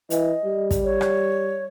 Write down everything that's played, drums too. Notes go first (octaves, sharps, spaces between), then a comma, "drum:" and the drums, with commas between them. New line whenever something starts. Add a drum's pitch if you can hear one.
E3 D#5, drum: hi-hat
G3
drum: kick, hi-hat
C#5
drum: rim click